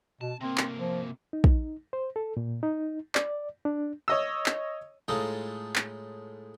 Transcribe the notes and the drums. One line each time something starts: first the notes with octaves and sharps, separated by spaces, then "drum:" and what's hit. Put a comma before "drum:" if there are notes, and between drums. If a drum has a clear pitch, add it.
B2 A5
C3 A#3 C4
drum: clap
F3
D#4
drum: kick A#1
C5
A4
A#2
D#4
D5, drum: clap
D4
C#5 D#5 E6
drum: clap
A2 G#3 D#4 F4 A4 A#5
drum: clap